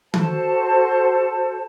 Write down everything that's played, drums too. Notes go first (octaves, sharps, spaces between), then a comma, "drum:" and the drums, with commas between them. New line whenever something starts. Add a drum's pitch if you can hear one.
F#4 A4 C5 A5, drum: tom D#3